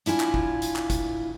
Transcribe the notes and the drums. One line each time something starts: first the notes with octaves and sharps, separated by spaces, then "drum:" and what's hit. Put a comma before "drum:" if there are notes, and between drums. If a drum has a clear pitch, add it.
D4 E4 F4 G#5, drum: hi-hat
drum: clap
drum: kick F#1
drum: hi-hat
drum: clap
drum: kick F#1, hi-hat